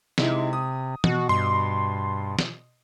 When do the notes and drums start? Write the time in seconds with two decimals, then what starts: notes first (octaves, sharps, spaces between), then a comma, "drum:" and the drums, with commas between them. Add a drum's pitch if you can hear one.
0.18 C3 G#3 D#4 E4, drum: snare
0.53 D#6
1.04 B2 F#4, drum: tom E3
1.29 G2 C6
2.39 drum: snare